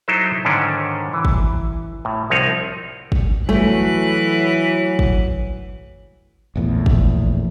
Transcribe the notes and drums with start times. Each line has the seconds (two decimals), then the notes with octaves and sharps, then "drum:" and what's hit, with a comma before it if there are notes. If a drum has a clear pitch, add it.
0.08 F#3 D#4 E4 A4 C5
0.45 G#2 D3 D#3 C#4 D4
1.13 E3
1.25 drum: kick
2.05 A2
2.30 C2 F3 C4 D#4 C#5 F#5
3.12 drum: kick
3.49 E3 F#3 A3 F#6
4.99 drum: kick
6.56 A#1 E2 A2
6.86 drum: kick